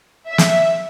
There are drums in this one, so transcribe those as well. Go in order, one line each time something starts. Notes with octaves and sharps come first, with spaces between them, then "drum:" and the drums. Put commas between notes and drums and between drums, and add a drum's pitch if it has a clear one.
E5
drum: snare